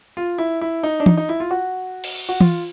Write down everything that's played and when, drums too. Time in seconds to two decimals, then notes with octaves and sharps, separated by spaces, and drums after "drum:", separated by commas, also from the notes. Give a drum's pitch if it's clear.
0.17 F4
0.38 E4
0.61 E4
0.83 D#4
1.00 D4
1.06 D#4, drum: tom
1.17 D#4
1.29 E4
1.40 F4
1.51 F#4
2.04 drum: cymbal
2.29 F#4
2.41 F4, drum: tom